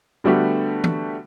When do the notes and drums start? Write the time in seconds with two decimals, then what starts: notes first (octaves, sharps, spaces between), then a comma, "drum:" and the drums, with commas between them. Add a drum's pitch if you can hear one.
0.24 D3 G3 A3 B3 F#4 G4
0.84 drum: tom E3